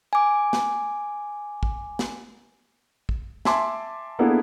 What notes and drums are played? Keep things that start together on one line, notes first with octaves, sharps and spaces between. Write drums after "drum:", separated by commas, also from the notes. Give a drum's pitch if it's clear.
G#5 D6
drum: snare
drum: kick
drum: snare
drum: kick
E5 G#5 A5 C6 D6, drum: snare
A#3 B3 D4 E4 G#4 A4